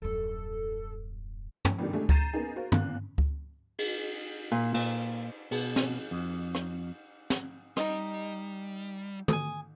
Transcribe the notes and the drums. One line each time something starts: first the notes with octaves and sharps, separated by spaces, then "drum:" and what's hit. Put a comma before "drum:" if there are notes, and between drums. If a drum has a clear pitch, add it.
D#1 F#2 A4
drum: tom
A1 E2 D3 D#3 G3
D3 G#3 A3 G4 G#4
A#5 G6 A6 C7 D#7 E7, drum: kick C#2
A#3 B3 C#4 D#4 G#4
F#4 A#4 C5 F5
E2 F5 F#6, drum: tom
drum: kick C#2
drum: cymbal
A#2
A#2, drum: cymbal
B2, drum: cymbal
drum: snare
F2
drum: rim click
drum: snare
G3 D#4 D#5, drum: rim click
G#5 D#6, drum: tom